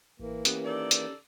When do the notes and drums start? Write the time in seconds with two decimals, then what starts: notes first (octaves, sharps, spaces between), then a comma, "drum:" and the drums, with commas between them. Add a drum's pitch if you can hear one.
0.20 A1 E3 A#3
0.45 B3 C#4 G4, drum: hi-hat
0.64 D#3 A4 D5
0.91 drum: hi-hat